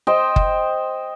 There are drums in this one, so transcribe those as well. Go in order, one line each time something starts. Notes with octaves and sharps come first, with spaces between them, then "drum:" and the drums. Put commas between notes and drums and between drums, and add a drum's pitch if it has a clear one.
C5 D#5 G5
drum: kick